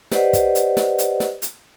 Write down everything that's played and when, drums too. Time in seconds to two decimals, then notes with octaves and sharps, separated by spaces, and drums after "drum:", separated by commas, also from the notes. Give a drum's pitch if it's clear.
0.11 G4 B4 C5 D5 D#5 F#5, drum: snare
0.33 drum: kick, hi-hat
0.55 drum: hi-hat
0.77 drum: snare
0.98 drum: hi-hat
1.20 drum: snare
1.42 drum: hi-hat